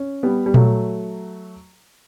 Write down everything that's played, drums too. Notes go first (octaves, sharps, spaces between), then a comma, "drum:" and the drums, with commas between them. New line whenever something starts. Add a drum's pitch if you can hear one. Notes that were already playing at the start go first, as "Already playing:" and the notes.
Already playing: C#4
G3 B3
G3
F#3 A3, drum: tom A#2